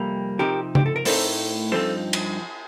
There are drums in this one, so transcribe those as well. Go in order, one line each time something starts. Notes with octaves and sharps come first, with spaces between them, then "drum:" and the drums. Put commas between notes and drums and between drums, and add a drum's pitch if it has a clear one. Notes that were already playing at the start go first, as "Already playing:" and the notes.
Already playing: F2 C3 G3 A#3
C3 F3 C4 D#4 G4 A#4
G4, drum: tom C#3
A4
A#4
A2 A3 C4 D#4 A4 C5, drum: open hi-hat
G2 F3 C4 D#4 A4 C5
drum: cymbal